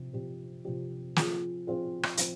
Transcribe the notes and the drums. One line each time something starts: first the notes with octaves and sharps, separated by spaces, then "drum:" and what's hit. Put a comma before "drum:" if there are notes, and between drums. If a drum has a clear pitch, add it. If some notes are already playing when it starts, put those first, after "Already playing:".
Already playing: C3 F3 C4
C3 F3 C4 G4
C3 F3 C4 G4
F3 C4 F4 G#4, drum: snare
F3 C4 F4 G#4
drum: rim click
F3 C4, drum: hi-hat